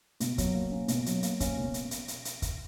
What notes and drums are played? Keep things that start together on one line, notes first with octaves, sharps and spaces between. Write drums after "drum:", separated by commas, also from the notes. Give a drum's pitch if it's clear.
B2, drum: hi-hat
F#3, drum: kick, hi-hat
A#3
C#4
B2, drum: hi-hat
F#3, drum: hi-hat
A#3, drum: hi-hat
C#4, drum: kick, hi-hat
B2
drum: hi-hat
drum: hi-hat
drum: hi-hat
drum: hi-hat
drum: kick, hi-hat